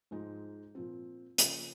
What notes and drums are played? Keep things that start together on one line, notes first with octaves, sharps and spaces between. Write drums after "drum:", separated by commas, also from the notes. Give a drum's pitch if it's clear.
G#2 F3 G#3 D#4
A#2 F3 C4
C#3 F3 A#3 C#4, drum: hi-hat